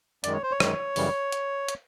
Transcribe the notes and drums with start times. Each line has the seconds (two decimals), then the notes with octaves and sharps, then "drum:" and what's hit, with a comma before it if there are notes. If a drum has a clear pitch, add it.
0.24 F#2 D#3 G#3 D5, drum: hi-hat
0.33 C#5
0.43 C5
0.52 C#5
0.60 F#2 D#3 G#3, drum: rim click
0.96 F#2 C#3 E3 G3, drum: open hi-hat
1.32 drum: hi-hat
1.69 drum: hi-hat